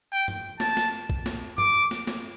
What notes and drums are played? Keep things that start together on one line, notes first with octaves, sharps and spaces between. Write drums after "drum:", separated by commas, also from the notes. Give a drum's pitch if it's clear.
G5
drum: tom G2
A5, drum: snare
drum: snare
drum: kick
drum: snare
D6, drum: tom G2
drum: snare
drum: snare